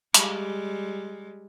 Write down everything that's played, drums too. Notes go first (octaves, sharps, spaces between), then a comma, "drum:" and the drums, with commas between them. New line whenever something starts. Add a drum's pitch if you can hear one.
G3 G#3, drum: hi-hat